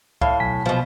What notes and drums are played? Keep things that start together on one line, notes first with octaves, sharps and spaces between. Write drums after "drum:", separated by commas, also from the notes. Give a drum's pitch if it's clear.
A2 F5, drum: kick C#2
B1 G#5 B6
B2 F3, drum: tom